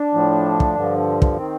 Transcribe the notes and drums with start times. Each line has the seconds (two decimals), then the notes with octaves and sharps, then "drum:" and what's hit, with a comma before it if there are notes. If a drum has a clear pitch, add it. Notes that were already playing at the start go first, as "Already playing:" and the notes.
Already playing: D4
0.14 A2 F3
0.60 drum: kick
0.75 G2 D3 F3
1.22 drum: kick
1.37 D#3 C4